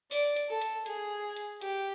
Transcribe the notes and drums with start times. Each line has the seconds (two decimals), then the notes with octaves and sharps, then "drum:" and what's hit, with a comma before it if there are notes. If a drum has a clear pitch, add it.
0.11 D5, drum: open hi-hat
0.36 drum: hi-hat
0.49 A4
0.61 drum: hi-hat
0.86 G#4, drum: hi-hat
1.37 drum: hi-hat
1.61 G4, drum: hi-hat